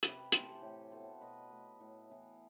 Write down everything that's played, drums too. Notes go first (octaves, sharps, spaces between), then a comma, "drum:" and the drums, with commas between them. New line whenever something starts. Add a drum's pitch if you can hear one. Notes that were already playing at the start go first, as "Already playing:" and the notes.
C3 G4 B4, drum: hi-hat
E3 A3 A4 C5, drum: hi-hat
A2
F#3 B3 A4 C5
B2 B4 D#5
A3
A2
E3 B3